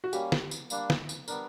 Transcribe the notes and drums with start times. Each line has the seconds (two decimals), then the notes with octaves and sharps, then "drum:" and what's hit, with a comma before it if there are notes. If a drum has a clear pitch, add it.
0.04 F#4
0.13 G3 A#3 C#4 G4, drum: tambourine
0.32 drum: snare
0.51 drum: tambourine
0.70 G3 A#3 D4, drum: tambourine
0.90 drum: snare
1.09 drum: tambourine
1.28 G3 B3 D4 A#4, drum: tambourine